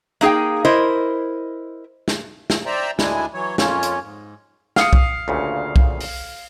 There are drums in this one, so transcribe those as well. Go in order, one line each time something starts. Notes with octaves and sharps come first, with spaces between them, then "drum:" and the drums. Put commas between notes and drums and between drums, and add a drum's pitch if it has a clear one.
A#3 D#4 G#4 F5 G5
E4 A#4 C5 D#5
drum: snare
drum: snare
C5 D5 E5 G5 A#5
D2 G#3 D4 E4 G#5, drum: snare
E3 F#3 C#5
F2 A#3 C#4 F4 C#5, drum: snare
drum: hi-hat
G#2
F5 D#6 C#7, drum: snare
drum: kick B1
D2 A#2 C#3
drum: kick B1
drum: open hi-hat